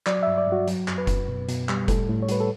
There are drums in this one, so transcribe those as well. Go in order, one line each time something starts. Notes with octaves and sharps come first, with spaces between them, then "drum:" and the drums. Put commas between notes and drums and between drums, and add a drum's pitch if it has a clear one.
F#3 D5, drum: clap
G2 E5
D5
G2 F#4
F#3, drum: hi-hat
F#2, drum: clap
B4
F#2, drum: kick F1, hi-hat
B2
B2, drum: hi-hat
G3, drum: clap
A2 A4, drum: kick F1, hi-hat
A2
C#5
G3 B4, drum: hi-hat
A4